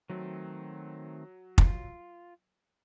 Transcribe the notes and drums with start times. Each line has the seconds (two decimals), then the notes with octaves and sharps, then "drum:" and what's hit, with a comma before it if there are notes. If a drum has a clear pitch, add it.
0.10 D#3 F#3 A3 C4
1.58 F4, drum: kick